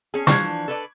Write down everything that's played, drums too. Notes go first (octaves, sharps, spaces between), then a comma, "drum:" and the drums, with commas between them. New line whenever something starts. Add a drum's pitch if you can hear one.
C#4 G#4
E3 F3 D4 C#6 G#6, drum: snare
A4 B4 D5